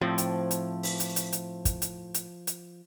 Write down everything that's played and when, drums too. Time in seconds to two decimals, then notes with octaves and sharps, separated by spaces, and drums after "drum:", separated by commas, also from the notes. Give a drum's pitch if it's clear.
0.01 A2 F3 C4
0.18 drum: hi-hat
0.51 drum: hi-hat
0.83 drum: open hi-hat
1.00 drum: hi-hat
1.16 drum: hi-hat
1.32 drum: hi-hat
1.65 drum: kick, hi-hat
1.82 drum: hi-hat
2.14 drum: hi-hat
2.47 drum: hi-hat